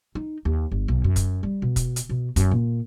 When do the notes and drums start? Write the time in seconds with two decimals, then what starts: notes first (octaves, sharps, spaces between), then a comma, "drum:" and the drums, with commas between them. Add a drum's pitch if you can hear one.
0.15 D#4
0.45 D#2
0.72 G1
0.88 B1
1.04 F#2
1.16 drum: kick, hi-hat
1.43 G3
1.62 B2
1.76 drum: kick, hi-hat
1.96 drum: hi-hat
2.09 B2
2.36 F#2, drum: kick, hi-hat
2.51 A#2